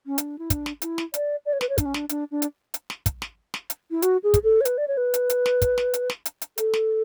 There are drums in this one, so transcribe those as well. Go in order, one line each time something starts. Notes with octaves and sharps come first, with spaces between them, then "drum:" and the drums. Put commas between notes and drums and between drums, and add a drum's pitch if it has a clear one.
C#4
D4, drum: hi-hat
E4
D4, drum: kick, hi-hat
drum: snare
E4, drum: hi-hat
drum: snare
D5, drum: hi-hat
D5
C#5
B4, drum: snare
C#5
D4, drum: kick, hi-hat
C#4
D4, drum: snare
D4, drum: hi-hat
D4
drum: hi-hat
drum: hi-hat
drum: snare
drum: kick, hi-hat
drum: snare
drum: snare
drum: hi-hat
E4
F#4, drum: hi-hat
G#4
drum: kick, hi-hat
A4
C#5
B4, drum: hi-hat
D5
C#5
B4
drum: hi-hat
drum: hi-hat
drum: snare
drum: kick, hi-hat
drum: snare
drum: hi-hat
drum: snare
drum: hi-hat
drum: hi-hat
A4, drum: hi-hat
drum: snare